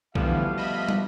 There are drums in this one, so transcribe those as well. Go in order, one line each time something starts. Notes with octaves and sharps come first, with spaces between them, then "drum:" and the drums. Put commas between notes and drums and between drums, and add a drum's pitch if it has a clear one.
D3 E3 F3 G3 A3 B3 F#4 F5, drum: kick B1
D#5 E5 B5
drum: tom